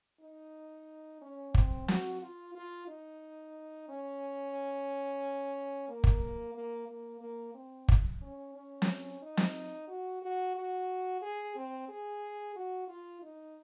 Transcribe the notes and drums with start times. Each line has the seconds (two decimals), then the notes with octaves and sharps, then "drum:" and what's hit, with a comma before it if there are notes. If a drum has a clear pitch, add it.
0.21 D#4
1.21 C#4
1.54 C4, drum: kick
1.88 F#4, drum: snare
2.21 F4
2.55 F4
2.88 D#4
3.89 C#4
5.88 A#3
6.04 drum: kick
6.55 A#3
6.88 A#3
7.21 A#3
7.54 C4
7.88 drum: kick
8.22 C#4
8.55 C#4
8.82 drum: snare
9.22 D#4
9.37 drum: snare
9.88 F#4
10.22 F#4
10.56 F#4
11.22 G#4
11.56 C4
11.89 G#4
12.56 F#4
12.88 F4
13.22 D#4